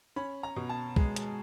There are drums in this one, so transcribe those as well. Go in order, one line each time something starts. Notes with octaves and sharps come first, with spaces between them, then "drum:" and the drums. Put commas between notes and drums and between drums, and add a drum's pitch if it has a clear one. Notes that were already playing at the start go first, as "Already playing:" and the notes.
C#4 B5
A#5
B2
A5
G#3, drum: kick
drum: hi-hat